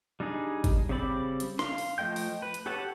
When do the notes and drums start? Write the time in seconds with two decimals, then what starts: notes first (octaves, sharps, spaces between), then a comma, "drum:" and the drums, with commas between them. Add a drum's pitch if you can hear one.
0.20 G3 D4 D#4 G#4
0.64 drum: kick, hi-hat
0.89 C#3 G3 C4 D5 B5
1.40 drum: hi-hat
1.59 F5 C6, drum: snare
1.78 drum: open hi-hat
1.98 F3 A3 D#5 G5 G6
2.16 drum: open hi-hat
2.42 B4
2.54 drum: hi-hat
2.66 G4 A4 C#5 F#5 A5